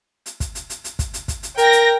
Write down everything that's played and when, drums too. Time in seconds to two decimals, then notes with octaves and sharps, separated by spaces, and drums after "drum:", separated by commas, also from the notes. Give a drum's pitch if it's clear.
0.26 drum: hi-hat
0.40 drum: kick, hi-hat
0.55 drum: hi-hat
0.70 drum: hi-hat
0.84 drum: hi-hat
0.99 drum: kick, hi-hat
1.14 drum: hi-hat
1.28 drum: kick, hi-hat
1.43 drum: hi-hat
1.58 A#4 G5 A#6, drum: hi-hat
1.72 drum: hi-hat